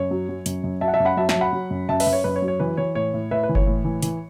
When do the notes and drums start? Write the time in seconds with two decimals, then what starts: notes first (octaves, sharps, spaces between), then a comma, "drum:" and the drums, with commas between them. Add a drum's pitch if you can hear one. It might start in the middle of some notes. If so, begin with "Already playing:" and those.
Already playing: F#2 C#5
0.11 F#3
0.29 F#3
0.46 F#2, drum: hi-hat
0.64 F#2
0.81 F#3 E5 A5
0.88 F#5
0.94 E5 A5
1.00 F#2
1.05 F#5 B5
1.17 F#3 E5 A5
1.29 E5 A5, drum: snare
1.35 F#3
1.41 F#5 B5
1.53 F#3
1.71 F#2
1.89 F#2 E5 A5
2.00 B4 E5, drum: open hi-hat
2.07 F#2
2.13 C#5
2.24 F#2 B4
2.36 C#5
2.42 F#3
2.48 C#5
2.60 E3 B4
2.77 E3 C#5
2.95 A2 C#5
3.14 A2
3.31 A2 B4 E5
3.43 B4
3.49 E3
3.55 C#5, drum: kick G1
3.67 A2
3.85 E3
4.02 E3, drum: hi-hat